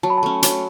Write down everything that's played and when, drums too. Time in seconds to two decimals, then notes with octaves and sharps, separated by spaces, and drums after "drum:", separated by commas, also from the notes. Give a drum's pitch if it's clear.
0.03 F#3 A5
0.10 B5
0.18 A5
0.23 A3 C#4
0.43 F#3, drum: hi-hat